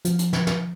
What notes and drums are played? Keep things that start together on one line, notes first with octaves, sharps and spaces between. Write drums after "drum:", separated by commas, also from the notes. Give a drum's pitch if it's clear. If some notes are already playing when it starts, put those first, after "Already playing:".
F3, drum: hi-hat
drum: hi-hat
drum: snare
drum: snare